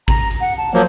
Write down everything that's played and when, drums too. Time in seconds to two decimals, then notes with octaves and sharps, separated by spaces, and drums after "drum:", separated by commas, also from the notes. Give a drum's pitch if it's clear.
0.08 A#5, drum: kick G#1
0.31 drum: hi-hat
0.41 F#5
0.57 A5
0.74 F3 F#3 A#3 C5